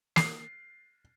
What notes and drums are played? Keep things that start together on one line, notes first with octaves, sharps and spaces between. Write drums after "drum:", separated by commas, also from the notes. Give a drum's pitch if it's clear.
C7, drum: snare